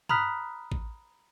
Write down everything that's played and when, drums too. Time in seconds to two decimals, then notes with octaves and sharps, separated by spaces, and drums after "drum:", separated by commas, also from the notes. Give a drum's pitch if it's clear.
0.09 A#5 B5 D#6 F6 F#6 B6, drum: tom G2
0.72 drum: kick A1